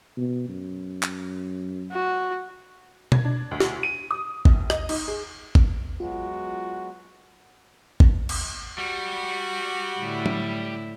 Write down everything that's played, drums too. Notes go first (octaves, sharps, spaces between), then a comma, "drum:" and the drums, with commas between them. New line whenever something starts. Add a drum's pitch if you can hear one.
B2
F#2
drum: clap
F#4
G#6, drum: tom B2
D4
D2
drum: snare
D#7
D#6
A#1, drum: kick G#1
D#5, drum: rim click
D#4, drum: cymbal
G#4
drum: kick G#1
F#3 G#3 B3 F4 F#4
drum: kick G#1
drum: cymbal
G3 F#4
A2 D3 E4
drum: tom F#3